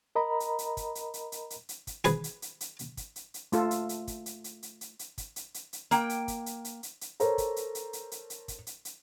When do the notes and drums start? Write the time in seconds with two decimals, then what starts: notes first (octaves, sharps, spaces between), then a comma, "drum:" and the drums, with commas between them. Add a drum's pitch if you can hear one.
0.15 A#4 D#5 A#5 B5
0.40 drum: hi-hat
0.59 drum: hi-hat
0.77 drum: kick, hi-hat
0.95 drum: hi-hat
1.14 drum: hi-hat
1.32 drum: hi-hat
1.50 drum: hi-hat
1.69 drum: hi-hat
1.87 drum: kick, hi-hat
2.04 G#4 B4, drum: hi-hat
2.24 drum: hi-hat
2.42 drum: hi-hat
2.61 drum: hi-hat
2.79 drum: hi-hat
2.97 drum: kick, hi-hat
3.16 drum: hi-hat
3.34 drum: hi-hat
3.52 A3 F4 A4, drum: hi-hat
3.71 drum: hi-hat
3.89 drum: hi-hat
4.07 drum: kick, hi-hat
4.26 drum: hi-hat
4.44 drum: hi-hat
4.63 drum: hi-hat
4.81 drum: hi-hat
4.99 drum: hi-hat
5.18 drum: kick, hi-hat
5.36 drum: hi-hat
5.54 drum: hi-hat
5.73 drum: hi-hat
5.91 A#3 G5, drum: hi-hat
6.09 drum: hi-hat
6.28 drum: kick, hi-hat
6.46 drum: hi-hat
6.65 drum: hi-hat
6.83 drum: hi-hat
7.01 drum: hi-hat
7.20 A4 A#4 C5 C#5 A#5, drum: hi-hat
7.38 drum: kick, hi-hat
7.56 drum: hi-hat
7.75 drum: hi-hat
7.93 drum: hi-hat
8.11 drum: hi-hat
8.30 drum: hi-hat
8.48 drum: kick, hi-hat
8.67 drum: hi-hat
8.85 drum: hi-hat